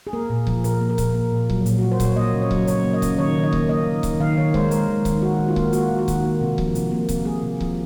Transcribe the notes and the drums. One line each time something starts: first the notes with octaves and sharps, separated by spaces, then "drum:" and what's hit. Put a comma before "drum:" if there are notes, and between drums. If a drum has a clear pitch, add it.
G#4
A#3 A#4
A#2
F3, drum: kick C#1
A#2 A#4, drum: hi-hat
A#3
A#4
A#2, drum: kick C#1, hi-hat
A#3
A#2
F#3, drum: kick C#1
A#2, drum: hi-hat
F#4
A#3
C5
A#2 C#5, drum: kick C#1, hi-hat
A#3 D#5
C#3
C#5
F#3, drum: kick C#1
C#3 C#5, drum: hi-hat
A#3
D#5
C#3, drum: kick C#1, hi-hat
D#3 C#5
D#3
D#5
A#3, drum: kick C#1
A#3 D#5
D#3
D#3, drum: kick C#1, hi-hat
D#3 F5
D#3 C#5
G#3 C5, drum: kick C#1
G#3 A#4, drum: hi-hat
D#3
D#3, drum: kick C#1, hi-hat
D#3 F#4
D#3
F4
A#3, drum: kick C#1
A#3 F#4, drum: hi-hat
D#3
F#4
D#3, drum: kick C#1, hi-hat
A#3
C3
F3, drum: kick C#1
C3, drum: hi-hat
A#3
C3, drum: kick C#1, hi-hat
A#3 G#4
C3
F3, drum: kick C#1